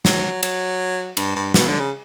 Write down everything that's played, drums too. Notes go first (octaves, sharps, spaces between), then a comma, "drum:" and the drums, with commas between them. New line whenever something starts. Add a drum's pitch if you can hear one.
F#3, drum: snare
F#3, drum: cymbal
G2, drum: cymbal
G2
B2, drum: snare
D3
C#3